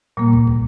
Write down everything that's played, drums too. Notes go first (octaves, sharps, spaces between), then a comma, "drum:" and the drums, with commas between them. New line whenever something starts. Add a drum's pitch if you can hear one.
A#2 G3 A#3
drum: kick
drum: kick